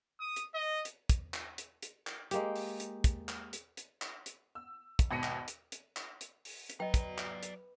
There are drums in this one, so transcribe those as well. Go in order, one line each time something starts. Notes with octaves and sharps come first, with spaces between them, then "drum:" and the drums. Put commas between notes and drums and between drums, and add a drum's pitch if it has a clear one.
D#6
drum: hi-hat
D#5
drum: hi-hat
drum: kick, hi-hat
drum: clap
drum: hi-hat
drum: hi-hat
drum: clap
G#3 A#3 G4, drum: hi-hat
drum: open hi-hat
drum: hi-hat
drum: kick, hi-hat
drum: clap
drum: hi-hat
drum: hi-hat
drum: clap
drum: hi-hat
E6
drum: kick, hi-hat
G#1 B2 B5 A#6 C#7 D#7
drum: clap
drum: hi-hat
drum: hi-hat
drum: clap
drum: hi-hat
drum: open hi-hat
drum: hi-hat
F#3 B4 D5 D#5 G5 A#5
drum: kick, hi-hat
drum: clap
drum: hi-hat